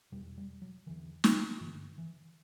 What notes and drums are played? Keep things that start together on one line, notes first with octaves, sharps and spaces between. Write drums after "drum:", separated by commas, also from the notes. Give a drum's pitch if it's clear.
E2 B2 G3
G3
F#3
E2 D3 E3
drum: snare
G2 D3 E3
E3